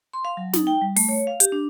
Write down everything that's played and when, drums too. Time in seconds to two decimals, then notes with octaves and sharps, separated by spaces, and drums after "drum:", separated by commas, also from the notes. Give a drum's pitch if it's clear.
0.13 C6
0.25 F5
0.37 F#3
0.53 D#4, drum: snare
0.67 G5
0.81 G3
0.96 A3, drum: open hi-hat
1.09 C#5
1.27 F5
1.40 G4, drum: hi-hat
1.52 D4